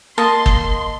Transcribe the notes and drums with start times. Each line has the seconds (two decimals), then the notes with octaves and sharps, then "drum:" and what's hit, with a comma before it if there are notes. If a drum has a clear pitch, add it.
0.18 A#3 D#5 A5 C6
0.46 drum: kick